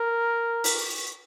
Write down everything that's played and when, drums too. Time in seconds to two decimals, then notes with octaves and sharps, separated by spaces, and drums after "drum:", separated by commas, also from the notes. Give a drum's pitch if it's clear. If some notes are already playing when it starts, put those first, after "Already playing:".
Already playing: A#4
0.64 drum: open hi-hat